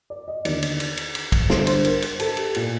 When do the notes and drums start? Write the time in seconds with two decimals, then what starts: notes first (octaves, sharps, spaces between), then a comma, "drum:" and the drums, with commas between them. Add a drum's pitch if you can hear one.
0.10 D5
0.28 D#5
0.45 D#2 D3 D5, drum: cymbal
0.63 drum: cymbal
0.80 drum: cymbal
0.97 drum: cymbal
1.15 drum: cymbal
1.32 drum: kick, cymbal
1.50 G2 D3 C5, drum: snare
1.67 C5, drum: cymbal
1.85 A#4, drum: cymbal
2.02 C5, drum: cymbal
2.20 A4, drum: cymbal
2.37 G4, drum: cymbal
2.55 A#2 F4, drum: cymbal